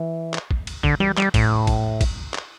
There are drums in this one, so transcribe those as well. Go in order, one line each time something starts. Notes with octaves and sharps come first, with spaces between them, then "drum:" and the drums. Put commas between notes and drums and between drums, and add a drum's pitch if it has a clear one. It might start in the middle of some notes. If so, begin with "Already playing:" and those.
Already playing: E3
drum: clap
drum: kick
drum: cymbal
D3, drum: kick
G3, drum: tom E3
G3, drum: clap
A2, drum: kick, cymbal
drum: kick, cymbal
drum: kick, cymbal
drum: clap